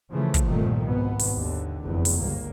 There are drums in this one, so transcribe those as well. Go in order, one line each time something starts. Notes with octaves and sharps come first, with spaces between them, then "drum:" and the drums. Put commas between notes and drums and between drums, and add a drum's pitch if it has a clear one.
C#3 E3 F3 A3
drum: kick, hi-hat
G1 C2 A#2 D#3 F3 A3
G#1 B2 B3
drum: open hi-hat
D#2 D3
F1 E2
drum: open hi-hat
G1 C#2 A#3